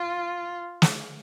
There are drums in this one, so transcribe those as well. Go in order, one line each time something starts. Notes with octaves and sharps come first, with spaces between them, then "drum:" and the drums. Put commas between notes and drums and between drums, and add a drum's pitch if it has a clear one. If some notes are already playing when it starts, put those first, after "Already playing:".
Already playing: F4
drum: snare